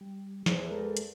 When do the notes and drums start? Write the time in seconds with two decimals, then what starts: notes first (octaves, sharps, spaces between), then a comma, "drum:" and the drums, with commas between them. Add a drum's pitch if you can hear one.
0.01 G3
0.46 E2 G#4 C5, drum: snare
0.71 G#3 A4 A#4
0.97 drum: hi-hat